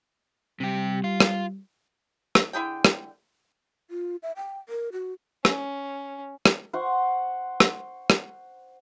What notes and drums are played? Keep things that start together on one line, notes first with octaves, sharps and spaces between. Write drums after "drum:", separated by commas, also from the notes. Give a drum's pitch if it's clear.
C3 G3 G4
F4
drum: rim click
drum: rim click
D3 E4 G#4 G5
drum: rim click
F4
E5
G5
A#4
F#4
C#4, drum: rim click
drum: rim click
C5 F#5 C#6
drum: rim click
drum: rim click